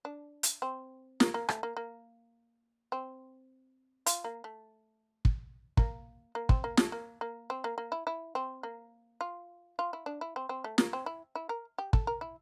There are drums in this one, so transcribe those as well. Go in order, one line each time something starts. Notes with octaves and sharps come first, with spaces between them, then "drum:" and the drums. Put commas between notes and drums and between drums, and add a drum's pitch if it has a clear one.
D4
drum: hi-hat
C4
A#3, drum: snare
A#3
A3, drum: rim click
A#3
A#3
C4
F4, drum: hi-hat
A#3
A3
drum: kick
A#3, drum: kick
A#3
C4, drum: kick
A#3
A3, drum: snare
A#3
A#3
C4
A#3
A#3
E4
E4
C4
A#3
F4
F4
E4
D4
E4
C4
C4
A3
A#3, drum: snare
C4
E4
E4
A#4
G4
A4, drum: kick
A#4
E4